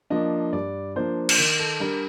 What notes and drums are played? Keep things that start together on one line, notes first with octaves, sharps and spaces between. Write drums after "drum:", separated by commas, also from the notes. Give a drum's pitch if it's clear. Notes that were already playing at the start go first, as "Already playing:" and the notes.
F3 A#3 D4 D#5
G2 D5
F3 A#3 D4 C5
drum: cymbal
D#3 A#4
A4
G3 D4 A#4